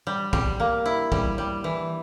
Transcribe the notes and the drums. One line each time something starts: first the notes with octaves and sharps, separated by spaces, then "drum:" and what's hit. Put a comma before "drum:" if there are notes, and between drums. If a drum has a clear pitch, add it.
G3
G3, drum: kick
A#3
E4
G3, drum: kick
G3
E3